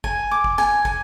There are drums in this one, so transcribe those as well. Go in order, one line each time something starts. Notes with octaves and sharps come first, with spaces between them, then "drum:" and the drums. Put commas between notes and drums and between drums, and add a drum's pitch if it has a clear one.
G#5, drum: kick
D6
drum: kick
G#5, drum: snare
G#5, drum: kick